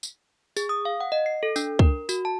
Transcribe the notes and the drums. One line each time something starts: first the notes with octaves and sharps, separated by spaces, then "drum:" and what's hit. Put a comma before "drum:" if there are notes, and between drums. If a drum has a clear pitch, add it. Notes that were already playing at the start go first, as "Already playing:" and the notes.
drum: tambourine
G#4, drum: tambourine
D#6
F5
F#5
D#5
C7
A4
D4, drum: tambourine
A#4, drum: kick
F#4, drum: tambourine
A5